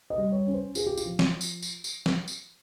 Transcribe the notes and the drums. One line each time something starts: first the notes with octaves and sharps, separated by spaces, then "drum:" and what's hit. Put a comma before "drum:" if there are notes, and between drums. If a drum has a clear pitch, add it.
D#5
G3
C#5
C#4
C5
F4 G#4, drum: tambourine
G4
F4, drum: tambourine
F3
drum: snare
drum: tambourine
drum: tambourine
drum: tambourine
drum: snare
drum: tambourine